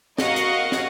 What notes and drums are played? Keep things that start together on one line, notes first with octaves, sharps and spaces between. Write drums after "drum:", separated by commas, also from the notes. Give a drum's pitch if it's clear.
F#4 A#4 D#5 F5 F#5 C#6, drum: snare
drum: hi-hat
drum: snare